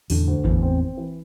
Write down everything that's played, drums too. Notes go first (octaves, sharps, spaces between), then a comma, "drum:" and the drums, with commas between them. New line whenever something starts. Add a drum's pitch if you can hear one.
E2 A2 D3, drum: open hi-hat
D2
E2 A2 E3, drum: kick G#1
C4
C4
E3